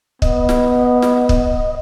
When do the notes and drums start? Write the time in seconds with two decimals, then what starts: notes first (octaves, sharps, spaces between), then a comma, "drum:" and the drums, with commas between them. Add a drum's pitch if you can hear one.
0.22 B3 D#5, drum: kick
0.49 drum: snare
1.02 drum: snare
1.29 drum: kick